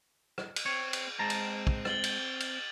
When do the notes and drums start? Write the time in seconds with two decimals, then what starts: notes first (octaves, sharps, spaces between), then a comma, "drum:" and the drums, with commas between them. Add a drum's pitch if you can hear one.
0.38 drum: rim click
0.56 drum: cymbal
0.66 C4 C#5
0.93 drum: cymbal
1.19 G#3 C4 A5 A#5
1.30 drum: cymbal
1.67 drum: kick
1.85 A6 F#7 G7, drum: rim click
2.04 drum: cymbal
2.40 drum: cymbal